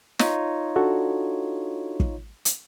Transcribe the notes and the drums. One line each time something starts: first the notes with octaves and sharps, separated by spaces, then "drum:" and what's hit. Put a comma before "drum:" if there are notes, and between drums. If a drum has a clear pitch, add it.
D#4 F4 C#5, drum: snare
D4 F#4 A4
drum: kick
drum: hi-hat